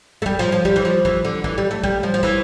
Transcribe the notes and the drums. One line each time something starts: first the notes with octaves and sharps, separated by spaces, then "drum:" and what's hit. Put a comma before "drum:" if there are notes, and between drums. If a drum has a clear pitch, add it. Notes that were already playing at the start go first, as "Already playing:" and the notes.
A3
G3, drum: kick
F3
F3
G3, drum: kick
E3
F3
E3, drum: kick
D3
E3, drum: kick
G3
A3
G3, drum: kick
F3
F3
E3, drum: kick